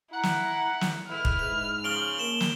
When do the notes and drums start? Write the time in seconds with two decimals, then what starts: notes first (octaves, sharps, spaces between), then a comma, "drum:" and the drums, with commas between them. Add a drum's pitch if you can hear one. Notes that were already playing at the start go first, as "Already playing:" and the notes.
0.13 E4 F#5 A#5
0.23 drum: snare
0.81 drum: snare
1.09 A2 G#3 E4 B4 F6
1.25 drum: kick
1.39 G#2 F7
1.84 C#3 F3 D7 F#7 G7
2.18 A#3 D7 E7 G7
2.40 drum: snare